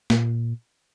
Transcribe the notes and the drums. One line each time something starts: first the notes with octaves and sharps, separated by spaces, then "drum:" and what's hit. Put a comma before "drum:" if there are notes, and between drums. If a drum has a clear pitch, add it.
A#2, drum: snare